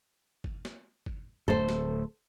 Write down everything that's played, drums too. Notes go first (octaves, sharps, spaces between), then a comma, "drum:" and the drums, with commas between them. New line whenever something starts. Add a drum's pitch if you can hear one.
drum: kick G1
drum: snare
drum: kick G1
D1 A3 A4 C5
drum: snare